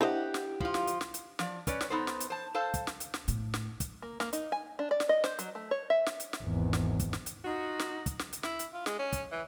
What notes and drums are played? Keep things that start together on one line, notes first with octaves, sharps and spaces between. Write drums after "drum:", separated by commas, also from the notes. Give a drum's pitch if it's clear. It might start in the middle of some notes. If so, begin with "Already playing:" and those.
D4 E4 G4 C5 D#5 F#5
drum: snare
F3 F4, drum: kick
drum: snare
drum: hi-hat
drum: snare
drum: hi-hat
F3 D5, drum: snare
C#4 B4 C#5 D5, drum: kick, hi-hat
drum: snare
B3 D#4 A4 C5
drum: snare
drum: hi-hat
C5 A5
A4 C5 F5 A5
drum: kick, hi-hat
drum: snare
drum: hi-hat
drum: snare
A2, drum: hi-hat
drum: snare
drum: kick, hi-hat
A#3
A#3, drum: snare
D#4, drum: hi-hat
G#5
D4
D5
drum: snare
D#5
C5, drum: snare
F#3, drum: hi-hat
A3
C#5
E5
drum: snare
drum: hi-hat
drum: snare
G#1 E2
drum: snare
drum: kick, hi-hat
drum: snare
drum: hi-hat
D#4 F4 F#4
drum: snare
drum: kick, hi-hat
drum: snare
drum: hi-hat
E4, drum: snare
drum: hi-hat
F4
G#3, drum: snare
C#4
drum: kick, hi-hat
E3